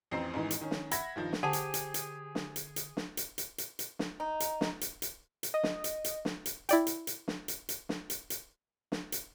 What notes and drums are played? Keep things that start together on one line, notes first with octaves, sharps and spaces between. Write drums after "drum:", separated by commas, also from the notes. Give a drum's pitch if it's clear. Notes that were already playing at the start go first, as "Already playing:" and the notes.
A1 F2 E3 C4 A#5 C7
A1 G#2 D#3 E3
drum: hi-hat
D#3 C#4
drum: snare
E5 F#5 B5 G#6 A#6, drum: hi-hat
G2 D#3 F3
drum: snare
D3 G4 G#4 C5 F#5 G#5 A5
drum: hi-hat
drum: hi-hat
drum: hi-hat
drum: snare
drum: hi-hat
drum: hi-hat
drum: snare
drum: hi-hat
drum: hi-hat
drum: hi-hat
drum: hi-hat
drum: snare
D#4
drum: hi-hat
drum: snare
drum: hi-hat
drum: hi-hat
drum: hi-hat
D#5
drum: snare
drum: hi-hat
drum: hi-hat
drum: snare
drum: hi-hat
E4 D5 G5, drum: hi-hat
drum: hi-hat
drum: hi-hat
drum: snare
drum: hi-hat
drum: hi-hat
drum: snare
drum: hi-hat
drum: hi-hat
drum: snare
drum: hi-hat